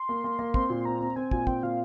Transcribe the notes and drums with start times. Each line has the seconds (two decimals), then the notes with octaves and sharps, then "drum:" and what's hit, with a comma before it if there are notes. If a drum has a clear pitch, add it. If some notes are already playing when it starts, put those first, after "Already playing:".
Already playing: C6
0.09 A#3
0.24 A#3
0.39 A#3
0.54 C4 C6, drum: kick
0.70 A#2
0.85 C4 A#5
1.01 C4
1.16 C4 G#5
1.31 A#2 G#5, drum: kick
1.47 C4 G5, drum: kick
1.63 A#2 F5